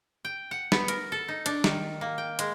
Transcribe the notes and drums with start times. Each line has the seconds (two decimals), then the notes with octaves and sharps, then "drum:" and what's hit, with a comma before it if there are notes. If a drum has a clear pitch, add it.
0.25 G5
0.51 F#5
0.72 B3, drum: snare
0.88 A#4, drum: hi-hat
1.12 A4
1.28 D#4
1.46 D4, drum: hi-hat
1.64 D#3, drum: snare
2.01 A#3
2.18 G5
2.39 G#3, drum: hi-hat